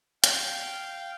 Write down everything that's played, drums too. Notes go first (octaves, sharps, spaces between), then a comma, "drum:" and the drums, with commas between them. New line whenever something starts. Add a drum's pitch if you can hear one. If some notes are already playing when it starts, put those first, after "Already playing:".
F5 G5, drum: hi-hat